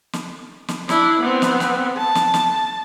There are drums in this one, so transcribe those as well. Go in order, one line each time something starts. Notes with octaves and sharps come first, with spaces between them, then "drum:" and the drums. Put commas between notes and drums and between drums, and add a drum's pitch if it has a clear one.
drum: snare
drum: snare
D4 E4, drum: snare
B3 C4
drum: snare
drum: snare
A5
drum: snare
drum: snare